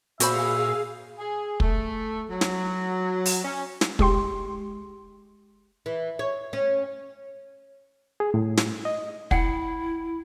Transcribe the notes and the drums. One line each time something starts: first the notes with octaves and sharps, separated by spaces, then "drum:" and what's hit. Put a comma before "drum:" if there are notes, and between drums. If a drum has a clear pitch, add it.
A#2 F#4 G#4 C5 E5 F5 B5, drum: hi-hat
G#4
A3, drum: kick
F#3
drum: snare
drum: open hi-hat
C#4
drum: snare
G#3 G4 C6, drum: kick
E3
C#5
C#4
G#4
A2
drum: snare
D#5
E4 F#5 G5, drum: kick